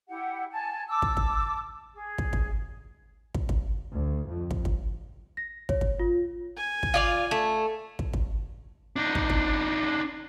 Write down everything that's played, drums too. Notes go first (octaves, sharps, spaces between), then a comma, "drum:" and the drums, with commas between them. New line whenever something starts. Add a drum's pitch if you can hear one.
E4 G4 F#5
G#5 A5
A5 D6 E6
drum: kick
drum: kick
G#4
drum: kick
drum: kick
drum: kick
drum: kick
D2
F2
drum: kick
drum: kick
A#6
C#5, drum: kick
drum: kick
F4
G#5
drum: kick
F4 D5 F5
A3
drum: kick
drum: kick
D4 D#4
drum: kick
drum: kick